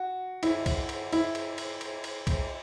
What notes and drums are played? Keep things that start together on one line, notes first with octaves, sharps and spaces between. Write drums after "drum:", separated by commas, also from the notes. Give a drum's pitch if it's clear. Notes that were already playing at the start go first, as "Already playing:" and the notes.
Already playing: F#4
E4, drum: cymbal
drum: kick, cymbal
drum: cymbal
E4, drum: cymbal
drum: cymbal
drum: cymbal
drum: cymbal
drum: cymbal
drum: kick, cymbal